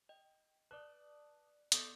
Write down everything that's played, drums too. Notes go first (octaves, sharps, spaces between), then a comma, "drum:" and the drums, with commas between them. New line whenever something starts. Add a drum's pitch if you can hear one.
D#5 G5
B4 D5 A5 D6 D#6 F#6
B3 A4 D5 D6 D#6 G6, drum: hi-hat